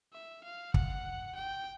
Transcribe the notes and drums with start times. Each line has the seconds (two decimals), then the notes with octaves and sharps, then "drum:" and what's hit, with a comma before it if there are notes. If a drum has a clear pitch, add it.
0.13 E5
0.44 F5
0.74 F#5, drum: kick
1.36 G5